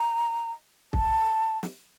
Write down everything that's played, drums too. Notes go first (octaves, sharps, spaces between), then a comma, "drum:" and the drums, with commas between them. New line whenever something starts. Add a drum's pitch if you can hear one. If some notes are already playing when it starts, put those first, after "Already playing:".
Already playing: A#5
A5, drum: kick
drum: snare